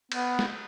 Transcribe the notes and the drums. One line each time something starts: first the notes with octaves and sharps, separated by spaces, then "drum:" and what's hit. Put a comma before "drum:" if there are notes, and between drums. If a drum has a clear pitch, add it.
B3, drum: cymbal
drum: snare